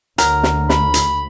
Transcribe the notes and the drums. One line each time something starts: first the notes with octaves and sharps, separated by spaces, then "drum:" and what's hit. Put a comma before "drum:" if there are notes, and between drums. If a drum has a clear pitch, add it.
D2 F#3 A#4, drum: hi-hat
drum: snare
B5, drum: snare
drum: hi-hat